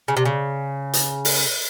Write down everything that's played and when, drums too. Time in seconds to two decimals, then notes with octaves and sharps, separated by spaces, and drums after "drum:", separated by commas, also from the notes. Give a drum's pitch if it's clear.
0.08 C#3
0.17 C3
0.25 C#3
0.93 drum: hi-hat
1.25 drum: open hi-hat